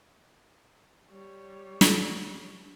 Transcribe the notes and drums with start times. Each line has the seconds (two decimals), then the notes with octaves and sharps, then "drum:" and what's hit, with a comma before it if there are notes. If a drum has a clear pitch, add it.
1.11 G3 C#5
1.81 drum: snare